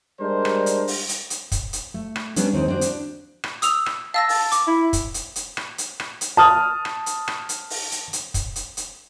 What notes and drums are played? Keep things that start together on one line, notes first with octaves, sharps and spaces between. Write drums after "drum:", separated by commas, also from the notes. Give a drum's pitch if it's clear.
G3 G#3 D4 A#4 C5
drum: rim click
drum: hi-hat
drum: open hi-hat
drum: hi-hat
drum: hi-hat
drum: kick, hi-hat
drum: hi-hat
A3
drum: rim click
G3 B3 C#4 D4, drum: hi-hat
D#2 C4 D#4
C4 D4 F#4
D4, drum: hi-hat
drum: rim click
D#6 E6 F7, drum: hi-hat
drum: rim click
F5 A5 E6 A#6
A5, drum: open hi-hat
D6, drum: hi-hat
E4
drum: kick, hi-hat
drum: hi-hat
drum: hi-hat
drum: rim click
drum: hi-hat
drum: rim click
drum: hi-hat
A5 D#6 F6
drum: rim click
drum: hi-hat
drum: rim click
drum: hi-hat
drum: open hi-hat
drum: hi-hat
drum: hi-hat
drum: kick, hi-hat
drum: hi-hat
drum: hi-hat